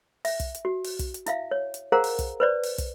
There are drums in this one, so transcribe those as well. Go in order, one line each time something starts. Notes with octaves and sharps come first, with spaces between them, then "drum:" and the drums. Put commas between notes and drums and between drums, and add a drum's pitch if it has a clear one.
E5, drum: open hi-hat
drum: kick, hi-hat
drum: hi-hat
F#4
drum: open hi-hat
drum: kick, hi-hat
drum: hi-hat
E4 E5 F5, drum: hi-hat
C#5
drum: hi-hat
G#4 A#4 C5 F5 F#5 A#5
drum: open hi-hat
drum: kick, hi-hat
B4 C5 D5
drum: open hi-hat
drum: kick, hi-hat